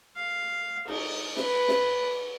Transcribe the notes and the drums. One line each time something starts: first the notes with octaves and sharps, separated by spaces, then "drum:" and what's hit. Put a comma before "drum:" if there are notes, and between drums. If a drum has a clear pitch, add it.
F5
D#4, drum: cymbal
B4, drum: snare
drum: snare